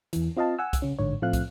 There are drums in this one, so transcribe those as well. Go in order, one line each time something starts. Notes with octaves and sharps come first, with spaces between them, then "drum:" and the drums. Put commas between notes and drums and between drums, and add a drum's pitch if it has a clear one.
E2 E3, drum: hi-hat
C4 F4 D#5 F5 A5
F#5 G#5 E6
drum: kick, hi-hat
C#3 C#4
A1 G#2 D3 C#5
A2 F3 A3 C4 F5 F#6
drum: kick, hi-hat